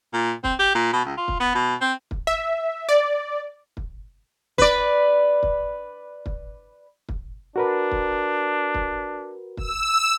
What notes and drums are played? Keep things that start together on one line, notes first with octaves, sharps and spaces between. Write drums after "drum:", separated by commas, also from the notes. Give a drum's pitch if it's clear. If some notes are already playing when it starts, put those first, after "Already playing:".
A#2
C4, drum: kick
G4
A#2
B2
C#2
F4
drum: kick
B3
B2
C4
drum: kick
E5
D5
drum: kick
B4 D5, drum: kick
drum: kick
drum: kick
drum: kick
D4 F#4 A#4 B4
drum: kick
drum: kick
E6, drum: kick